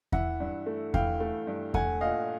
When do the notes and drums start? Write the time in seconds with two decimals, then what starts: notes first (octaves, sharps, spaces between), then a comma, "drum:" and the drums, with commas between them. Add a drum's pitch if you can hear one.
0.12 E3 E5 F#5, drum: kick E2
0.40 G2
0.66 A3
0.94 E3 F5 G5, drum: kick E2
1.20 A3
1.47 G2
1.74 A3 F#5 G#5, drum: kick E2
2.01 A#2 D#5 F5